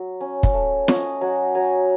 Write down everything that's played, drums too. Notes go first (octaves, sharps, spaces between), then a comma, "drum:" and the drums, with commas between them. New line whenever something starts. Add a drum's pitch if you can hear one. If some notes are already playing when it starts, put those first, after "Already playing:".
Already playing: F#3
C#4
drum: kick
A3
C#4 C#5 D#5, drum: snare
F#3 F#5 G#5
F#3 G#5 A#5